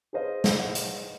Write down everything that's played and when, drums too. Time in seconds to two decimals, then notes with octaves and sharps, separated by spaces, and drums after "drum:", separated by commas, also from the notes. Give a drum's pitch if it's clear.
0.13 G#4 B4 C5 D#5 F5
0.44 drum: snare
0.75 drum: hi-hat